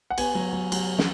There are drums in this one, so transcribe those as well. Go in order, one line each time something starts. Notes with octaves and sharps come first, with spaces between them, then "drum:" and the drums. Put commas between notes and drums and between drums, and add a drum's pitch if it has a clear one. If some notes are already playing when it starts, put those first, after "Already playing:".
F#5
B3 G#5, drum: cymbal
F#3
F#3
F#3, drum: cymbal
drum: snare